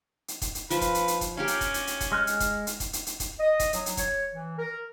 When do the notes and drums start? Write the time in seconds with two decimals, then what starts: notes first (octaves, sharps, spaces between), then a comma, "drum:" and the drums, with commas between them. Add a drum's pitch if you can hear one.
0.28 drum: hi-hat
0.42 drum: kick D#1, hi-hat
0.55 drum: hi-hat
0.70 F3 B4, drum: hi-hat
0.81 drum: kick D#1, hi-hat
0.95 drum: hi-hat
1.08 drum: hi-hat
1.21 drum: kick D#1, hi-hat
1.37 C#4 G4 A#4 F5
1.48 drum: hi-hat
1.61 drum: kick D#1, hi-hat
1.74 drum: hi-hat
1.87 drum: hi-hat
2.01 drum: kick D#1, hi-hat
2.12 G#3 F6 F#6
2.27 drum: hi-hat
2.40 drum: kick D#1, hi-hat
2.67 drum: hi-hat
2.80 drum: kick D#1, hi-hat
2.93 drum: hi-hat
3.06 drum: hi-hat
3.20 drum: kick D#1, hi-hat
3.39 D#5
3.59 drum: kick D#1, hi-hat
3.73 F#3, drum: hi-hat
3.86 drum: hi-hat
3.97 C#5, drum: kick D#1, hi-hat
4.32 E3
4.58 A#4